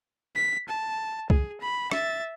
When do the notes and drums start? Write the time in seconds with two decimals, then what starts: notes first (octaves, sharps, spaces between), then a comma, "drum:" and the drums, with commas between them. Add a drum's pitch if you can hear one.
0.35 B6
0.68 A5
1.30 G#4, drum: kick
1.60 B5
1.91 E5 A6, drum: rim click